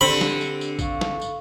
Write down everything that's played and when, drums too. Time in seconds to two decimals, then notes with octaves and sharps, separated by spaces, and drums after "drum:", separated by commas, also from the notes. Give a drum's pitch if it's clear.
0.01 D3 C4 G4 D5 B5
0.21 drum: snare
0.41 drum: tambourine
0.61 drum: tambourine
0.79 A4 F5 C#6, drum: kick A#1, tambourine
1.01 drum: snare
1.21 drum: tambourine